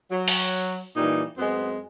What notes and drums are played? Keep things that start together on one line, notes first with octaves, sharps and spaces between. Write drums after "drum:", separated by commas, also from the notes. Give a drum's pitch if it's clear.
F#3
drum: open hi-hat
A#2 E3 G3 D#4
F#2 G#3 B3 C4